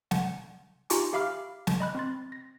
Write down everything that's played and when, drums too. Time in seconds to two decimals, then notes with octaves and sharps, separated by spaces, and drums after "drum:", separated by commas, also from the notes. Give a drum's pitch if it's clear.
0.11 F#5, drum: snare
0.90 D#4 F4 G4 G#5 C#6 D6, drum: hi-hat
1.13 G4 E5 F5 B5 D6 F6
1.67 drum: snare
1.80 D#5 B5 F#6
1.95 C4 C6 A6
2.32 A#6